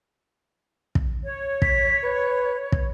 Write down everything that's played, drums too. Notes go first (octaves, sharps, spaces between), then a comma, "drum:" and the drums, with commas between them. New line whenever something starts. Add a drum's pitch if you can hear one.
drum: kick
C#5
B6, drum: kick
B4
drum: kick